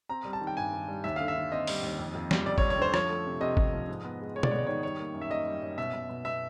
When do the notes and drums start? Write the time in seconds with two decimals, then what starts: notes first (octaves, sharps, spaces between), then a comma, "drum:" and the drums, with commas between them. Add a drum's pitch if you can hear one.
0.09 C4 A#5
0.25 G3
0.33 A5
0.41 D#3
0.47 G5
0.57 G2 G#5
0.73 D#3
0.88 G3
1.04 D#2 E5
1.16 D3 F5
1.28 E5
1.36 D3
1.52 C4 D#5
1.67 G3, drum: open hi-hat
1.83 D#2
1.99 F2
2.15 F2
2.31 G3, drum: snare
2.46 F2 D5
2.58 C#5, drum: kick
2.62 F2
2.70 C#5
2.78 D3 C5
2.94 F3 C#5, drum: rim click
3.09 A3
3.26 C3
3.41 C3 D#5
3.57 C3, drum: kick
3.73 F3
3.88 G#2
4.04 B3
4.20 G#3
4.35 G#3 C#5
4.43 D5, drum: tom
4.51 B3 C#5
4.58 D5
4.67 D#3 C#5
4.83 G3 C#5
4.99 A#3
5.14 F#2
5.22 E5
5.30 A#3 D#5
5.46 G3
5.62 F#2
5.77 B2 E5
5.93 B2
6.09 B2
6.25 B2 E5